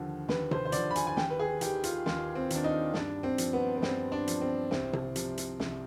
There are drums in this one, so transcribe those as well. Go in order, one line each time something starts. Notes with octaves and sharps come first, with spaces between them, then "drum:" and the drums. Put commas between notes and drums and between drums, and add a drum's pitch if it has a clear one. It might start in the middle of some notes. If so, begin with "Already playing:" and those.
Already playing: D#2 D3 F3
D#2 B4, drum: snare
C5, drum: tom C3
C5
D3 F3 D5, drum: hi-hat
B5
G#5, drum: hi-hat
G#5
D#2 G5, drum: snare
B4
G#4
D#3 G4, drum: hi-hat
F4, drum: hi-hat
D#2 F4, drum: snare
C4
D#3 D4, drum: hi-hat
D#4
G2 D4, drum: snare
C4
F3, drum: hi-hat
B3
B3
G2 C4, drum: snare
D4
F3, drum: hi-hat
C4
C2 C4, drum: snare
drum: tom C3
C3 F3, drum: hi-hat
drum: hi-hat
C2, drum: snare